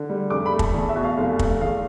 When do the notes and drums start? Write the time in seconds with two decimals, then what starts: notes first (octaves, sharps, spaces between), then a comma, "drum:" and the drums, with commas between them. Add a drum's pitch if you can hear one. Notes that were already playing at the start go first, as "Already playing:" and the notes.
Already playing: D3
0.09 G3
0.30 F1 D6
0.46 B5
0.53 A3
0.59 A5, drum: kick
0.74 E2
0.89 E5
0.96 B2
1.04 F5
1.18 F1 F5
1.39 A3, drum: kick
1.61 E2 F5